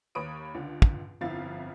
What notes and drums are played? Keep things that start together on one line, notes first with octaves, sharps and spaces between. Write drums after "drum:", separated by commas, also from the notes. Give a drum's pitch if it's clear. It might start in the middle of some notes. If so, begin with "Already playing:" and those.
D#2 C#5 B5 D#6 D7
C#2 D3
drum: kick
G1 F2 E4 F5 A6